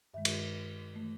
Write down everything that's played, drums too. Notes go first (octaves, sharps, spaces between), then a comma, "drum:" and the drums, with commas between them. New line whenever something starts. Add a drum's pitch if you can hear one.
G2 D#3 G#3 E5
drum: cymbal
E3 A3